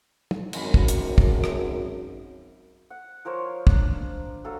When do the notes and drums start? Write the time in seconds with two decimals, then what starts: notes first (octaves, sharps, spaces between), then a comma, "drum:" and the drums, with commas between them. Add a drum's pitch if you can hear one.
0.31 drum: tom
0.53 G#1 F#2, drum: cymbal
0.74 drum: kick
0.88 drum: hi-hat
1.18 drum: kick
1.44 drum: rim click
2.90 F#5
3.25 F3 A#4 C5 C#5
3.67 D4, drum: kick
4.44 F#3 A4 F5